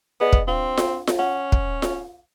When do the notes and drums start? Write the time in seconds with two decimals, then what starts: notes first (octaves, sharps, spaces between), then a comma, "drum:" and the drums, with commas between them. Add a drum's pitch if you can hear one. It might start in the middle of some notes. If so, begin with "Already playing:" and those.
0.21 B3 G#4 D5 D#5
0.33 drum: kick
0.48 C4 D4 F4
0.77 drum: snare F4
1.07 drum: snare F4
1.19 C#4 F#5
1.52 drum: kick
1.82 drum: snare F4